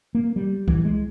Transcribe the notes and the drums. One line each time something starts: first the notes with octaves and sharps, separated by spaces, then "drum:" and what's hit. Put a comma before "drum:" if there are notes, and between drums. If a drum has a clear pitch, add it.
A#3
G3
E3, drum: kick C2
G#3